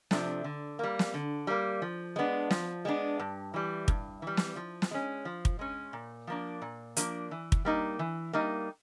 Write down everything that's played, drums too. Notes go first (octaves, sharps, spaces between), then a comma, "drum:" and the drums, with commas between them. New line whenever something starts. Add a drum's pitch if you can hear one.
C3 F3 A3 D4, drum: snare
D3
G3 A#3
drum: snare
D3
G3 A#3
F3
G#3 B3 D4
F3, drum: snare
G#3 B3 D4
G2
E3 G3
G2, drum: kick
E3 G3
drum: snare
F3
drum: snare
G#3 C#4
F3
drum: kick
G#3 C#4
A#2
F3 A#3 D4
A#2
F3 A#3 D4, drum: hi-hat
E3
drum: kick
G3 A#3 D#4
E3
G3 A#3 D#4